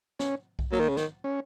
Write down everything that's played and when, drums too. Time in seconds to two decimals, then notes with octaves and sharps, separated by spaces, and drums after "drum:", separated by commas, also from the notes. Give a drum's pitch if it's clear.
0.19 C#4, drum: snare
0.59 drum: kick B1
0.72 F#3 A#3
0.80 D#3
0.89 C#3
0.97 D#3, drum: snare
1.24 C#4